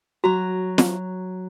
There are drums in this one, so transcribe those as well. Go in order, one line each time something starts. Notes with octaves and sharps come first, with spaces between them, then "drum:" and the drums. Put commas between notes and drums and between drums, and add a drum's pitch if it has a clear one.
F#3 F#4 A#5
drum: snare